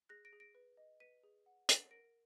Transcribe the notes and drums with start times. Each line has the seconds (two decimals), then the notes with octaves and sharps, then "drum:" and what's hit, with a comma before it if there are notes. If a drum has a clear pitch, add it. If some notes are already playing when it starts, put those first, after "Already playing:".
0.09 G#4 F#6 A#6
0.25 A#6 D7
0.33 G#4
0.40 A#6 D7
0.55 B4
0.77 D#5
1.00 B4 B6 D#7
1.24 G#4
1.46 F#5
1.69 F#5, drum: hi-hat
1.91 A#4 A#6 D7